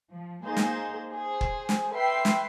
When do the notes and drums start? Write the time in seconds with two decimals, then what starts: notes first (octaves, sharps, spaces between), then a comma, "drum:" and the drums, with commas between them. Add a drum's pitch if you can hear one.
0.11 F3
0.45 A#3 D#4 G#4 C5
0.57 drum: snare
1.13 G#4 C5
1.41 drum: kick
1.69 drum: snare
1.93 B4 E5 G5 C6 C7
2.25 drum: snare